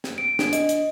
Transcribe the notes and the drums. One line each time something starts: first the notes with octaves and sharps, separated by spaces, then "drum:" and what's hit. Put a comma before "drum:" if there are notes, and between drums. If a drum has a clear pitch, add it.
drum: snare
D7
D4, drum: snare
D#5, drum: hi-hat
drum: hi-hat